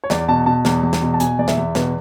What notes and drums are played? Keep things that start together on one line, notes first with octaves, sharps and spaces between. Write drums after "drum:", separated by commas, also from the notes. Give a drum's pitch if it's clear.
C#5
E2 D5, drum: snare
B2 A5
B2 A5
E2, drum: snare
E2
drum: snare
B2
A5
B2 G#5, drum: hi-hat
E2 D5
E5, drum: snare
E2
B2 B4, drum: snare